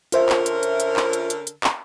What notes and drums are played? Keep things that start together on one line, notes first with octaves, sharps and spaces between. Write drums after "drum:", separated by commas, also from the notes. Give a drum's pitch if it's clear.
D3 C#4 F4 A#4 C5 E5, drum: hi-hat
drum: clap
drum: hi-hat
drum: hi-hat
drum: hi-hat
drum: clap
drum: hi-hat
drum: hi-hat
drum: hi-hat
drum: clap